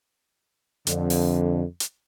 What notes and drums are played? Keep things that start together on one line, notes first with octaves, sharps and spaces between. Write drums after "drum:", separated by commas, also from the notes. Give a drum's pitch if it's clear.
F2 D3, drum: hi-hat
drum: open hi-hat
drum: hi-hat